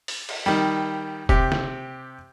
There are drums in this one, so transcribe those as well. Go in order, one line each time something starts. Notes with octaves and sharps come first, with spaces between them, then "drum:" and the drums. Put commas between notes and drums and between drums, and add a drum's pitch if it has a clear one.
drum: open hi-hat
drum: cymbal
D#3 G3
C3 G4, drum: kick
drum: snare